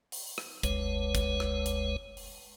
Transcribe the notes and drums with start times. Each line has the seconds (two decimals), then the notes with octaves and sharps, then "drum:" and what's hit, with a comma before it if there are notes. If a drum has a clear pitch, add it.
0.12 drum: open hi-hat
0.38 drum: rim click
0.63 F#1 D2 G#3 B4 C#5, drum: kick, hi-hat
1.15 drum: kick, hi-hat
1.40 drum: rim click
1.66 drum: hi-hat
2.17 drum: open hi-hat